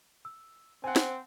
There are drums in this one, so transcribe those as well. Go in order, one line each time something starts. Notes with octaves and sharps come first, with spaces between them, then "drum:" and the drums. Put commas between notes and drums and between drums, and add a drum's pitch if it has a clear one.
E6
C4 C5 F#5 G#5
drum: snare